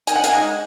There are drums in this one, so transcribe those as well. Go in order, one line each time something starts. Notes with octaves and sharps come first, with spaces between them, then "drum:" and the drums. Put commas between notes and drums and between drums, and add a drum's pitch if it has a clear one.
D#3 G#5, drum: hi-hat
F#5
F5 G#5, drum: hi-hat
G#3 D#4